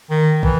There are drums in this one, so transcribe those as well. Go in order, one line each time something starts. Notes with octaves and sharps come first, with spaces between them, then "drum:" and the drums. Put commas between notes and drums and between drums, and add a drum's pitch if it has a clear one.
D#3
E3, drum: kick